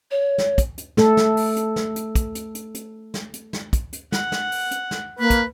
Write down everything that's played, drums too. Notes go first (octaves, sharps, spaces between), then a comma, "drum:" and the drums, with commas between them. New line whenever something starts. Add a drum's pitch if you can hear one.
C#5
drum: snare
drum: kick, hi-hat
drum: hi-hat
A3 A4, drum: snare
drum: snare
drum: open hi-hat
drum: hi-hat
drum: snare
drum: hi-hat
drum: kick, hi-hat
drum: hi-hat
drum: hi-hat
drum: hi-hat
drum: snare
drum: hi-hat
drum: snare
drum: kick, hi-hat
drum: hi-hat
F#5, drum: snare
drum: snare
drum: open hi-hat
drum: hi-hat
drum: snare
A#3 B4
drum: kick, hi-hat